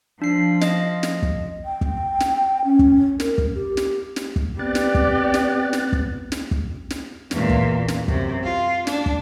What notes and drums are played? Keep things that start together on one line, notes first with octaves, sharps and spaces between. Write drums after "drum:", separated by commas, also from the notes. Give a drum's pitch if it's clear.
F3 D4 C7
D#5, drum: snare
drum: snare
drum: kick
G5
drum: kick
drum: snare
C#4
drum: kick
A#4, drum: snare
drum: kick
G4
drum: snare
drum: snare
drum: kick
B3 C4 G4 D5 F#6 A6
drum: snare
drum: kick
drum: snare
drum: snare
drum: kick
drum: snare
drum: kick
drum: snare
E2 A#2, drum: snare
drum: kick
drum: snare
F#2 C3, drum: kick
F4
D4, drum: snare
drum: kick